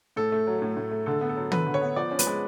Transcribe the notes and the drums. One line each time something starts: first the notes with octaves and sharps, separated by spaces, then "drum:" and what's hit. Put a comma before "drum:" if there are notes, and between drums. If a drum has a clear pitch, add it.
A2 A4
A3
F#3
A2
A2
A3
D3 A4
B3
A4
F#3
D3 B4, drum: tom
D3
C#5
B3
F3 D5
C#4
B4, drum: hi-hat
G#3